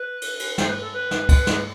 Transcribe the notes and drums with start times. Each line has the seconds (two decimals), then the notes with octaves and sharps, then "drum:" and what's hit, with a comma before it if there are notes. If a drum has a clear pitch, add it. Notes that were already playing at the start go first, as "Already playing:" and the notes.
Already playing: B4
0.22 drum: cymbal
0.40 drum: cymbal
0.58 C5, drum: snare
0.69 B4
0.81 A4
0.93 B4
1.11 drum: snare
1.29 drum: kick, cymbal
1.47 drum: snare